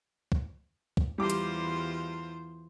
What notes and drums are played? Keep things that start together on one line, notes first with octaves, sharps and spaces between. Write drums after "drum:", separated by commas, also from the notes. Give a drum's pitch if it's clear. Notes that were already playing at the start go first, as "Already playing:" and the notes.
drum: kick
drum: kick
E2 G3 F4 C5 D6
drum: hi-hat